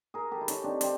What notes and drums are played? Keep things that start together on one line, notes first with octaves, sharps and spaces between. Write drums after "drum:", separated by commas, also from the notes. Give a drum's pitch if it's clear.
G#4 A#4
G4 A4
E4
C#4 D#4, drum: hi-hat
C4 D4
C4 D4, drum: hi-hat